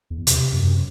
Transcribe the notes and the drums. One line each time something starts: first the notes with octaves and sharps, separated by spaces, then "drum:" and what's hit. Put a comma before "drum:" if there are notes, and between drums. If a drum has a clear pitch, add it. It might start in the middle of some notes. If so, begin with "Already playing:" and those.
E2
C3, drum: hi-hat
F#2